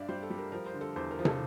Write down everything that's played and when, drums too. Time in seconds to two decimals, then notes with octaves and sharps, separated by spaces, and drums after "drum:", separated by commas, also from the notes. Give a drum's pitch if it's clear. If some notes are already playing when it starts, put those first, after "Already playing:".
Already playing: G2 D4 D5 E5 F5
0.08 G3 C5
0.23 A4
0.30 G3
0.38 A#4
0.52 F3 A#4
0.67 C5
0.74 D3
0.81 A4
0.96 E2 C5
1.11 A#4
1.19 F3
1.25 A4, drum: tom